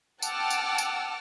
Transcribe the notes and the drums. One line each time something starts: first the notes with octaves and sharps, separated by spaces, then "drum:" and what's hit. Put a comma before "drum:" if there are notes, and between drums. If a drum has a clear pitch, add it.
F#5 G5 A5 D6 E6 F6, drum: tambourine
drum: tambourine
drum: tambourine